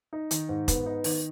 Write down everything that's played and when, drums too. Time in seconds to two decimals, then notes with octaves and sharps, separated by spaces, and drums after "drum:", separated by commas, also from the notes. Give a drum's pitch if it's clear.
0.13 D#4
0.31 D#3, drum: hi-hat
0.49 G#2
0.68 B3, drum: kick F1, hi-hat
0.86 D#4
1.04 D#3, drum: open hi-hat